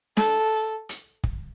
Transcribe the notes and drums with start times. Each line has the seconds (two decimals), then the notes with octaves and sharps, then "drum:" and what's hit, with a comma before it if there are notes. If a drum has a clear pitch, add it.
0.17 A4, drum: snare
0.89 drum: hi-hat
1.24 drum: kick